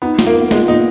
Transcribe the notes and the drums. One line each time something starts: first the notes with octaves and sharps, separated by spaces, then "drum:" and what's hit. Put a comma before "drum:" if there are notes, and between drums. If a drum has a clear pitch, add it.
B3 D#4
A#2, drum: snare
A#3
B3
A#2 G#3, drum: snare
A#2 D#4